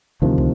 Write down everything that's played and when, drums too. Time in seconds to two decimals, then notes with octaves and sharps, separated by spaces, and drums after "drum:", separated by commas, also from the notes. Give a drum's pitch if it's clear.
0.22 D2 C3 D#3 F3
0.38 drum: kick